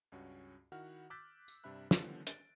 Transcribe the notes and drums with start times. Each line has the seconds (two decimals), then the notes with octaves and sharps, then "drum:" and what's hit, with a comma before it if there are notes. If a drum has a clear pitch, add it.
0.12 C#2 G2 C#4 F#4
0.72 D#3 E4 F#4 F#5 F6
1.10 D6 E6 F#6 G6 A6 B6
1.48 drum: tambourine
1.64 G2 C3 D4 E5 B5 F#6
1.91 D3 D#3 F3 G3 B3 C#4, drum: snare
2.27 A6 D7, drum: hi-hat